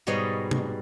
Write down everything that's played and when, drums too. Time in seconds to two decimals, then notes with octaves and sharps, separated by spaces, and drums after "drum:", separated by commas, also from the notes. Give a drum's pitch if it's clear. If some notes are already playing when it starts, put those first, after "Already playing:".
0.07 G#2 B2 G3 C#5 D#5
0.51 drum: tom C3